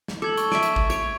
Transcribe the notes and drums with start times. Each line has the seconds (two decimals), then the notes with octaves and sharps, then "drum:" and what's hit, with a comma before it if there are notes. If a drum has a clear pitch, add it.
0.08 drum: snare
0.22 A4 D6 G#6 F#7
0.37 C#6, drum: hi-hat
0.52 D5 E5 D#7, drum: snare
0.63 drum: hi-hat
0.76 drum: kick
0.90 C#5 G#6 D7, drum: hi-hat